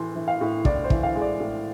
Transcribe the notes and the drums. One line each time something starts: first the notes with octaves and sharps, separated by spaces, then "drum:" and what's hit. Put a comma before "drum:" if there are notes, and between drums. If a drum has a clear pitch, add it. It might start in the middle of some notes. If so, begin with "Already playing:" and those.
Already playing: A2 E3 C6
E3
F5
A2
A2 D5, drum: kick
C5
E3, drum: kick
F5
G#3
D5
A2